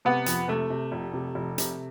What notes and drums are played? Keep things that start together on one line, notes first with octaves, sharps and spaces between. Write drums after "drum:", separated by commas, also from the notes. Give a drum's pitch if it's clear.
C3 B3
F2, drum: hi-hat
C3 A3
C3
F1
C3
F1
C3, drum: hi-hat